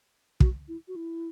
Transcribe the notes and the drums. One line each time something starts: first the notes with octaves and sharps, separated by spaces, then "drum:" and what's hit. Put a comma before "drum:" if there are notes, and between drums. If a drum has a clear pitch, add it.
F#4, drum: kick
E4
F#4
E4